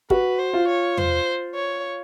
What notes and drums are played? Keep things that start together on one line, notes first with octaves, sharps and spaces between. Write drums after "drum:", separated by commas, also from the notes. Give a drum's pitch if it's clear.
F#4 B4, drum: kick
C5
F4
C#5
C5, drum: tom
C#5